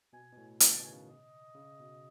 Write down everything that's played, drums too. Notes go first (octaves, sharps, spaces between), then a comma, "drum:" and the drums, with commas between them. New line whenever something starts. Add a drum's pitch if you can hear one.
B2 G#5
B2
A2
B2 G#5, drum: hi-hat
C#3 A5
B2
D#3 G#5
C#3
D#5
C#3
B2